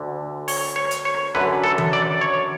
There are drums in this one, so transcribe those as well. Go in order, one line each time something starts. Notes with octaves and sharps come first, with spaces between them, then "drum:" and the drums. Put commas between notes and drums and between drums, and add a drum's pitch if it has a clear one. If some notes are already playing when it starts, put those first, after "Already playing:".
Already playing: D2 D3
C#5, drum: open hi-hat
C#5
drum: hi-hat
C#5
F#2 D3 B4
A4
drum: tom D#3
D5
C#5